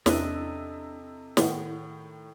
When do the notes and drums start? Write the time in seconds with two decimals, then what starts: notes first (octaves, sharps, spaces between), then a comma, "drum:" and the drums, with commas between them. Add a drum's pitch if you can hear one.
0.06 E2 C3 C#4 D4 E4 A4 D#5 F#6, drum: snare
1.37 A2 D#3 G#4 F#5, drum: snare